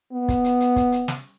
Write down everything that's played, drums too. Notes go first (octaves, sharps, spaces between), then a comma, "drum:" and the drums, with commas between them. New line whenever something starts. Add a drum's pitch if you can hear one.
B3
drum: kick, hi-hat
drum: hi-hat
drum: hi-hat
drum: kick, hi-hat
drum: hi-hat
drum: snare